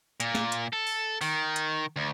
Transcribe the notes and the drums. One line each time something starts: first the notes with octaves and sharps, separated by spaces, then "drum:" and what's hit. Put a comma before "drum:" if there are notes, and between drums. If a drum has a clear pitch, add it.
A#2, drum: hi-hat
drum: snare
drum: hi-hat
A4
drum: open hi-hat
D#3, drum: open hi-hat
drum: hi-hat
D2